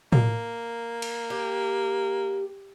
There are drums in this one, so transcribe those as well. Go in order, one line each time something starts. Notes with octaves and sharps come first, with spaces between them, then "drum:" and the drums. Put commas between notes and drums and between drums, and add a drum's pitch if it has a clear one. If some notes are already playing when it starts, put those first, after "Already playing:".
A#3, drum: tom A2
drum: cymbal
G4